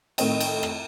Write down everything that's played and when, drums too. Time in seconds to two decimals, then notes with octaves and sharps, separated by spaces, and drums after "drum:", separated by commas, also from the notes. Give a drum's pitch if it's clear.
0.18 A2 D#3 A3 C4 D#5 G5, drum: cymbal
0.40 drum: cymbal
0.63 drum: rim click